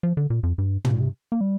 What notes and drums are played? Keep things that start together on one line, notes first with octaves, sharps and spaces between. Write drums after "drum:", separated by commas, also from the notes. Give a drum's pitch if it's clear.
F3
D3
A#2
F2
G2
C3, drum: tom
A#2
C3
A#3
G3